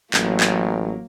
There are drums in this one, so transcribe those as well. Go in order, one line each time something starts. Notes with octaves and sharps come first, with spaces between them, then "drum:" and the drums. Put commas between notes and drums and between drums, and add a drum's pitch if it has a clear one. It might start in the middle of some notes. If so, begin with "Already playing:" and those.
A1 F#3 A#3, drum: clap
drum: clap